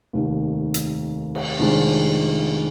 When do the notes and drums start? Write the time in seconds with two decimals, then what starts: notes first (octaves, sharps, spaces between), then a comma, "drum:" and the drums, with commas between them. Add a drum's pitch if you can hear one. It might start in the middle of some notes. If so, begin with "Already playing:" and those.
0.13 F1 D#2 D#3
0.74 drum: hi-hat
1.35 drum: cymbal
1.59 F1 F2 D#3 G#3 D4